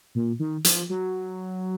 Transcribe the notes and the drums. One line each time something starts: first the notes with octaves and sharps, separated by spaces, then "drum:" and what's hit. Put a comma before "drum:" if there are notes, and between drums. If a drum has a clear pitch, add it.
A#2
D#3
F3, drum: hi-hat
F#3